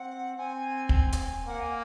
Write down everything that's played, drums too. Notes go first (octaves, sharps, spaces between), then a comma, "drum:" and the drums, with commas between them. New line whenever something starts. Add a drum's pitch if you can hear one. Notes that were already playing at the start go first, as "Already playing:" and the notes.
Already playing: C4 F#5
C4 G#5
drum: kick
drum: hi-hat
A#3 F#5
G#5